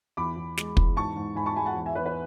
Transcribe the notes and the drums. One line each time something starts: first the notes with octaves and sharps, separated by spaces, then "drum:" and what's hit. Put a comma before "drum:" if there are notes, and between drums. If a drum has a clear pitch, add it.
E2 B5 D6
E2
G#3, drum: snare
E2, drum: kick
G#2 A5 C#6
G#2
G#2 G#5 B5
A5 C#6
G#3 G#5 B5
F#5 A5
E2
E5 G#5
E2 B4
B4